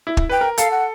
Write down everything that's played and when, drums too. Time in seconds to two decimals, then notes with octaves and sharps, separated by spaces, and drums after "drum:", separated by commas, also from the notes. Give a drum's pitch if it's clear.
0.07 E4
0.17 drum: kick
0.29 B4 G5
0.41 A#4
0.58 A4 F5, drum: hi-hat
0.71 F#5